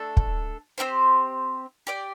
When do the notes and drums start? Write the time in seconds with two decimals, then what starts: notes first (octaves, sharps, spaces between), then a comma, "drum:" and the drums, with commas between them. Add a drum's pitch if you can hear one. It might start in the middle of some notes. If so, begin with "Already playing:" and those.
Already playing: A3 D4 A4
0.17 drum: kick
0.78 C4 E4 G4 C5
1.87 G4 D5 G5